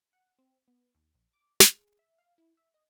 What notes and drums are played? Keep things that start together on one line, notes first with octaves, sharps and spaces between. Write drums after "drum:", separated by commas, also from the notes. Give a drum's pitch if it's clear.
F#5
C4
B3
D#2
A#1
D6
G#4, drum: snare
E5
F5
E4
E5
D#5